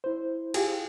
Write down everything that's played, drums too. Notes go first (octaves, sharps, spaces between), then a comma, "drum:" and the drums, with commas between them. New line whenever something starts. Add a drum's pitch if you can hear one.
E4 C5
F4 G4 G#4, drum: cymbal